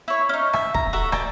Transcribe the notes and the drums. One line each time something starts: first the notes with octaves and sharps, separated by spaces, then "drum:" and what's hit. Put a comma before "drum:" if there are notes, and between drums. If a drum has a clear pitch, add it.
E4 C#5
C#4 D#4
E5, drum: rim click
A#5, drum: kick
F#4 A4 E5
D5 G5 A5 A#5, drum: rim click